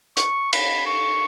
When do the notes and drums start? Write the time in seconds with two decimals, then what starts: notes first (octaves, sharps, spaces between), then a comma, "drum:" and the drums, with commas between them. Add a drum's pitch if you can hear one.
0.17 C#6, drum: hi-hat
0.53 B5, drum: cymbal
0.86 C#6